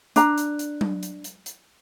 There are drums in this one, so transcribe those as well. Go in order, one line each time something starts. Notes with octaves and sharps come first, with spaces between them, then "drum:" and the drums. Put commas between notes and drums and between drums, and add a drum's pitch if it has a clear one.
D4 A#5, drum: hi-hat
drum: hi-hat
drum: hi-hat
drum: tom F#3
drum: hi-hat
drum: hi-hat
drum: hi-hat